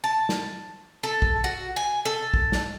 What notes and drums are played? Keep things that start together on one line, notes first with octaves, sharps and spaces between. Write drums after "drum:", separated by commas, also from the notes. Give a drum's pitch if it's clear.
A5
drum: snare
A4
drum: kick A1
F#4
G#5
A4
drum: kick A1
drum: snare